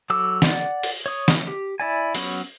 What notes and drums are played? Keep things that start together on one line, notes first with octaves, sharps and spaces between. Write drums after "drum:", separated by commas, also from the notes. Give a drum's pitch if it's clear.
F#3 A4 D6 E6
D5 F#5, drum: snare
drum: open hi-hat
C#5 D#6
drum: snare
G4
E4 D5 G#5
F#3 B3 C#4, drum: open hi-hat